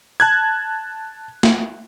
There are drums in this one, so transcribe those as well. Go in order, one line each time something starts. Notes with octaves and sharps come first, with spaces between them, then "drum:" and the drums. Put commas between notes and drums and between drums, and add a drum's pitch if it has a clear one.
A5 F#6 G#6
drum: snare